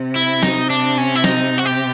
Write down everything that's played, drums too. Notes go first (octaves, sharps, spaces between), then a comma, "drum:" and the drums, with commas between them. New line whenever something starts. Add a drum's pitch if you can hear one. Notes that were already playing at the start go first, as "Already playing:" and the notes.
Already playing: C3
E4
D#4, drum: snare
D4
C#4
E4
D#4, drum: snare
F#4
G4